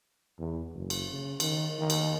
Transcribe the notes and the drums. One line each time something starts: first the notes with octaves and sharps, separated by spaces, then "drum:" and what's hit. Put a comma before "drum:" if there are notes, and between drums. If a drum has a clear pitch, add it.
E2
F#1
drum: cymbal
C#3
D#3, drum: cymbal
D#3
drum: cymbal